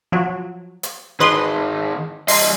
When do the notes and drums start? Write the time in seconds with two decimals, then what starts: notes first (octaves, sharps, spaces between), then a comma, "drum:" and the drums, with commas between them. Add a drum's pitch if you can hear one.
0.12 F3 F#3
0.83 drum: hi-hat
1.20 D#3 G#4 B4 D#5 C6
2.28 G3 D#5 C6, drum: open hi-hat